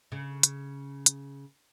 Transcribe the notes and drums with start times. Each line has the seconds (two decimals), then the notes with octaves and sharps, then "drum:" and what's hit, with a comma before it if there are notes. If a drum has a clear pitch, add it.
0.12 C#3
0.43 drum: hi-hat
1.06 drum: hi-hat